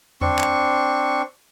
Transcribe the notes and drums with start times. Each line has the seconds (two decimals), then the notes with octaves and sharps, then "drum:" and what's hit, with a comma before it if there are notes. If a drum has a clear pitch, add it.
0.21 C4 D4 C#6, drum: tom E2
0.39 drum: clap